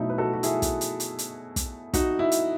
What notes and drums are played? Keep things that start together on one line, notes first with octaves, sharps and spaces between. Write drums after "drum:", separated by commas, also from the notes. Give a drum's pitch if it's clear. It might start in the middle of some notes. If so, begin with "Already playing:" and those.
Already playing: B2 F#3 A3 D#4 E4
B4
F#4 A4
F#4
E4 G#4, drum: hi-hat
drum: kick, hi-hat
drum: hi-hat
drum: hi-hat
drum: hi-hat
drum: kick, hi-hat
D#4 F#4, drum: kick, hi-hat
E4
drum: hi-hat